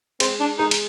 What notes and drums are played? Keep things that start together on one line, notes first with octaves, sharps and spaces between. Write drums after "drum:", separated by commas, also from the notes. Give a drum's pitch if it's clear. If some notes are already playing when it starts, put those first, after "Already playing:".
G#3 C4, drum: cymbal
D4
G#3 D#4
drum: cymbal